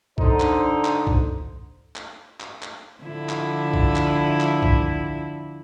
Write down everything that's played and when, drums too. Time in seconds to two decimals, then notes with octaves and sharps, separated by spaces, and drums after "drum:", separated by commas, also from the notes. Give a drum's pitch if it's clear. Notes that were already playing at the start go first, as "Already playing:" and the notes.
0.18 D3 D#4 C5, drum: kick
0.40 drum: clap
0.85 drum: clap
1.07 drum: kick
1.96 drum: clap
2.40 drum: clap
2.62 drum: clap
3.04 D3 F3 E4
3.29 drum: clap
3.74 drum: kick
3.96 drum: clap
4.40 drum: clap
4.62 drum: kick